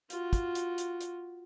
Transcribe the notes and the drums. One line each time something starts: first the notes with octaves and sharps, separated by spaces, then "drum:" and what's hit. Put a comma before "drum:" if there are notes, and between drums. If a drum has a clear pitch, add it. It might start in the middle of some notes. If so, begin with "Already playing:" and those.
F4 F#4, drum: hi-hat
drum: kick, hi-hat
drum: hi-hat
drum: hi-hat
drum: hi-hat